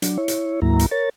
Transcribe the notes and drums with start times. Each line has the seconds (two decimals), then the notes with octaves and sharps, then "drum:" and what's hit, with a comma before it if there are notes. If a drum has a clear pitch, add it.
0.02 F#3 D4, drum: hi-hat
0.18 E4 C#5
0.28 drum: hi-hat
0.62 D2 G#2 F#3 A#3 E4 A#5
0.79 drum: hi-hat
0.91 A#4 C#5 A6